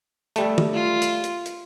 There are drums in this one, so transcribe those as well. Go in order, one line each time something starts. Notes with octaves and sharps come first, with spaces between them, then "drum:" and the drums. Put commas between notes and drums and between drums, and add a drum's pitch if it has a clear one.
G3 A3, drum: hi-hat
drum: tom
F4
drum: hi-hat
drum: hi-hat
drum: hi-hat